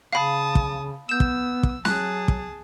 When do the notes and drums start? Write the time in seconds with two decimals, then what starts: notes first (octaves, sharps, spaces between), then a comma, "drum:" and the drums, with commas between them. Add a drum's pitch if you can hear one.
0.13 C#3 F5 A5 B5 D#6
0.55 drum: kick
1.09 B3 E6 G6 E7
1.20 drum: kick
1.63 drum: kick
1.85 F#3 G#4 A5 F#6, drum: snare
2.28 drum: kick